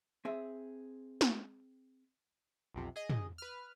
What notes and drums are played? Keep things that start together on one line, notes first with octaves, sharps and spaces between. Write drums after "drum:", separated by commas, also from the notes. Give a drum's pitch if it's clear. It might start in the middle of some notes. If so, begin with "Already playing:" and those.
C4 G#4 E5
drum: snare
B1 F2 C3
G#4 D#5
drum: tom
B4 F6